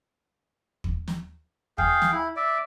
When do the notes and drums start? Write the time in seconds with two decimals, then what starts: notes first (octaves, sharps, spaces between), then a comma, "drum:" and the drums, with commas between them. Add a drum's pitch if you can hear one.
0.84 drum: kick
1.08 drum: snare
1.78 G#4 F5 G5, drum: kick
2.02 drum: snare
2.13 E4
2.36 D5 E5